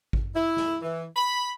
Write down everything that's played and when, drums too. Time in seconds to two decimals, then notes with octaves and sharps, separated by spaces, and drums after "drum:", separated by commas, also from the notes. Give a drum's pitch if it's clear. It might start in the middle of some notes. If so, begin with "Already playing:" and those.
0.13 drum: kick G#1
0.35 E4
0.57 drum: snare
0.82 E3
1.16 B5